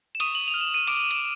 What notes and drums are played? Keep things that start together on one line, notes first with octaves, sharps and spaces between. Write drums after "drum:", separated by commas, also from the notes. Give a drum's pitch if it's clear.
E7
C#6 D#6 D#7, drum: cymbal
F#7
F7
F6
E7
D#7
D6 D#6 D7, drum: cymbal
drum: cymbal